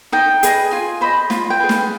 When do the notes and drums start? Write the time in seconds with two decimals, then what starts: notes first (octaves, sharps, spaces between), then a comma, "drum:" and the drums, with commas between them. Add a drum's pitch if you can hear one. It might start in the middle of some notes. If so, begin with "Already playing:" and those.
0.12 D#4 G5
0.43 G#4 B4 D#5, drum: hi-hat
0.71 F4 G#5
1.01 C5 D#5 B5
1.30 F4 B5, drum: snare
1.50 G5
1.60 G#4 B4
1.69 F5, drum: snare